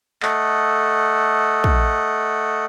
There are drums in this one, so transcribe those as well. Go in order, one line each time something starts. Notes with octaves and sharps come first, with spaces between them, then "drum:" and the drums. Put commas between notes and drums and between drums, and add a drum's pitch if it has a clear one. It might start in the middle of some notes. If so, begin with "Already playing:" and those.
A3 A4 D#5 F#5, drum: clap
drum: kick